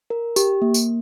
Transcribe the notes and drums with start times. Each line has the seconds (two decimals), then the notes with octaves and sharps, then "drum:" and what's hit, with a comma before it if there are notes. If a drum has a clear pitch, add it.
0.10 A#4
0.36 G4, drum: tambourine
0.62 A#3
0.74 drum: tambourine